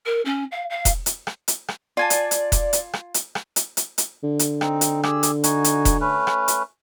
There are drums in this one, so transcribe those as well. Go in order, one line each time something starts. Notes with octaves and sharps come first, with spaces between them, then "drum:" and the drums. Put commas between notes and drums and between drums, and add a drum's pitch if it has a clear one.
A#4
C#4
F5
F5
drum: kick E1, hi-hat
drum: hi-hat
drum: rim click
drum: hi-hat
drum: rim click
F4 D5 G#5 A5
drum: hi-hat
drum: hi-hat
drum: kick E1, hi-hat
drum: hi-hat
drum: rim click
drum: hi-hat
drum: rim click
drum: hi-hat
drum: hi-hat
drum: hi-hat
D3
drum: hi-hat
C4 D#4, drum: rim click
drum: hi-hat
G4 G#4 E6, drum: rim click
drum: hi-hat
D#4 F#4 G#5, drum: hi-hat
drum: hi-hat
drum: kick E1, hi-hat
A3 C#4 B4
drum: rim click
drum: hi-hat